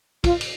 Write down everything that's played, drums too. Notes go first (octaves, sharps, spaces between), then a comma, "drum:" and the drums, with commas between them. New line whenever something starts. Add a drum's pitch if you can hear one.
F4, drum: kick, cymbal
drum: cymbal